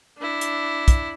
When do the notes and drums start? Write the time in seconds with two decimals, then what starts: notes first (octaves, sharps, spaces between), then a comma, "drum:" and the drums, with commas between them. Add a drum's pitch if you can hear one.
0.18 D4 E4
0.41 drum: hi-hat
0.88 drum: kick, hi-hat